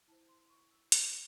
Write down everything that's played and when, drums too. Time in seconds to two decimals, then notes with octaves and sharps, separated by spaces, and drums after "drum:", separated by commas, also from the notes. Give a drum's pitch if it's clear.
0.08 E4 C5 A5
0.29 C6
0.50 C#6
0.71 E6
0.92 F#4 C5 D#6, drum: hi-hat